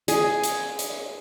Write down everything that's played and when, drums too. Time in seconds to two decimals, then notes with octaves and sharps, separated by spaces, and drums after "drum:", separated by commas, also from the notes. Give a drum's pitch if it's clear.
0.08 G#4, drum: hi-hat
0.44 drum: hi-hat
0.79 drum: hi-hat